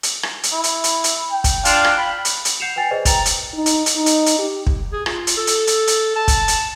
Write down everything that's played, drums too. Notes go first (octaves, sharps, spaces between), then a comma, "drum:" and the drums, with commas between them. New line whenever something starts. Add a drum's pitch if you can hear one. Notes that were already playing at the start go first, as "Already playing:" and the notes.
drum: hi-hat
drum: rim click
drum: hi-hat
E4
drum: hi-hat
drum: hi-hat
drum: hi-hat
G5
drum: kick, hi-hat
D4 F4 F5, drum: hi-hat
drum: rim click
B5
drum: hi-hat
drum: hi-hat
F#5 G6 C7 C#7 E7 F7
B4 G5 G#5 A6 C7 F7
G#4 B4 C5 D5 D#5
G5 A#5 A6 F7, drum: kick, hi-hat
drum: hi-hat
D#4
drum: hi-hat
drum: hi-hat
D#4
drum: hi-hat
drum: hi-hat
G4
drum: kick
G#4
F4, drum: rim click
drum: hi-hat
A4
drum: hi-hat
drum: hi-hat
drum: hi-hat
A5
drum: kick, hi-hat
drum: hi-hat